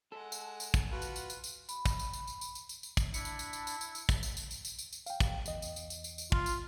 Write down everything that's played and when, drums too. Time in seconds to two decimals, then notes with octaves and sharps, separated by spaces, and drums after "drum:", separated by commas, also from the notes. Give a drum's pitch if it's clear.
0.12 G#3 A4 F#5
0.32 drum: tambourine
0.60 drum: tambourine
0.74 drum: kick, tambourine
0.92 F4 F#4 B4
1.02 drum: tambourine
1.16 drum: tambourine
1.30 drum: tambourine
1.44 drum: tambourine
1.69 B5, drum: tambourine
1.86 drum: kick, tambourine
1.99 drum: tambourine
2.13 drum: tambourine
2.27 drum: tambourine
2.41 drum: tambourine
2.55 drum: tambourine
2.69 drum: tambourine
2.83 drum: tambourine
2.97 drum: kick, tambourine
3.14 D4 E4 A5 B5 C#7, drum: tambourine
3.25 drum: tambourine
3.39 drum: tambourine
3.53 drum: tambourine
3.67 drum: tambourine
3.81 drum: tambourine
3.95 drum: tambourine
4.09 drum: kick, tambourine
4.23 drum: tambourine
4.37 drum: tambourine
4.51 drum: tambourine
4.65 drum: tambourine
4.79 drum: tambourine
4.93 drum: tambourine
5.06 F5 G5, drum: tambourine
5.20 drum: kick, tambourine
5.46 E2 D#5, drum: tambourine
5.62 drum: tambourine
5.76 drum: tambourine
5.90 drum: tambourine
6.04 drum: tambourine
6.18 drum: tambourine
6.32 F4, drum: kick
6.46 drum: tambourine